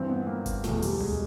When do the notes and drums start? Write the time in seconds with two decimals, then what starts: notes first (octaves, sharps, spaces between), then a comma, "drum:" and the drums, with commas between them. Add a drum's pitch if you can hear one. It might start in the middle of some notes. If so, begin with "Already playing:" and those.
Already playing: G2 E3 C4
0.09 B3
0.27 A#3
0.46 drum: kick G1, hi-hat
0.64 E2 B2 A3, drum: snare
0.82 G3, drum: open hi-hat
1.01 G#3, drum: tom C#2